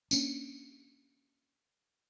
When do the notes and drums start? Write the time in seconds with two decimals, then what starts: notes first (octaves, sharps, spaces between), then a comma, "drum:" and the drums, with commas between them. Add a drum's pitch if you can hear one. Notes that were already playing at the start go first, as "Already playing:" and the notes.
0.11 A#3 C#4 D4, drum: tambourine